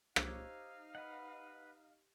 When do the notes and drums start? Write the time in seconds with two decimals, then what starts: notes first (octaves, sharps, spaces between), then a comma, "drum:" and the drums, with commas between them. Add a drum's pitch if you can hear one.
0.16 D#4 G4 C5 C#5 F5 E6 F#6 G#6, drum: rim click
0.95 B4 D#5 F#5